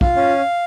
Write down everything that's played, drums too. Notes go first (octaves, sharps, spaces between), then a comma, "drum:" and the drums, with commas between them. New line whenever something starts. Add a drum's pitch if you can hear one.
F4 F5, drum: kick
C#4